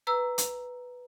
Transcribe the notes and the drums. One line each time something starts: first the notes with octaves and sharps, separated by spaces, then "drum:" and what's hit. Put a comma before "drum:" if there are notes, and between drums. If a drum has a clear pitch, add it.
B4 A#5 E6
drum: hi-hat